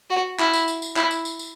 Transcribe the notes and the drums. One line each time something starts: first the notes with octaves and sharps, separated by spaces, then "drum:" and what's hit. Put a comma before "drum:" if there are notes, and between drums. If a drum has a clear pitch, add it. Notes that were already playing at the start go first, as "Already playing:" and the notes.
F#4
E4, drum: clap
drum: tambourine
drum: tambourine
drum: tambourine
E4, drum: clap
drum: tambourine
drum: tambourine
drum: tambourine